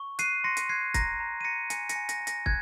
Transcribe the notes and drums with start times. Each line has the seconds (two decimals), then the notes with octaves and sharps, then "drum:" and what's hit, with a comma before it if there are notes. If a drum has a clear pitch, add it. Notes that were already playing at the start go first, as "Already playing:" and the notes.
Already playing: C#6
0.19 F#6 C7 D#7, drum: hi-hat
0.44 C6 A#6 C#7
0.57 drum: hi-hat
0.69 F#6 G#6 C7
0.94 A#5 A#6, drum: kick, hi-hat
1.20 A#5
1.41 D#7
1.45 A#5 A#6 C#7
1.70 G#5 A#6 C#7, drum: hi-hat
1.89 A#6 C#7, drum: hi-hat
1.96 G#5
2.09 A#6, drum: hi-hat
2.21 G#5
2.27 A#6, drum: hi-hat
2.46 F#6 G#6, drum: kick